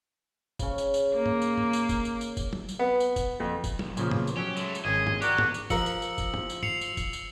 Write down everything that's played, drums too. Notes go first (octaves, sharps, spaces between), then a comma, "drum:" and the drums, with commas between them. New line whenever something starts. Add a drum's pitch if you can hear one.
C#3 C#4, drum: kick, tambourine
drum: tambourine
drum: tambourine
A#3
drum: tom G2
drum: tambourine
drum: tom G2
drum: tambourine
drum: kick, tambourine
drum: tambourine
drum: tambourine
drum: kick, tambourine
drum: tom
drum: tambourine
B3
drum: tambourine
drum: kick, tambourine
F2
drum: kick, tambourine
B1, drum: tom
A#2 C#3 F3, drum: tambourine
drum: tom
drum: tambourine
F#3 C#4 G4
G#3 A3, drum: tambourine
drum: tambourine
G#1 C#4 G#4 D#5
drum: tom
F#4 G4 A#4 D5, drum: tambourine
drum: tom
drum: tambourine
F3 A#4 E6 C#7 F#7, drum: kick, tambourine
drum: tambourine
drum: tambourine
drum: kick, tambourine
drum: tom
drum: tambourine
C7 C#7 F7, drum: tom G2
drum: tambourine
drum: kick, tambourine
drum: tambourine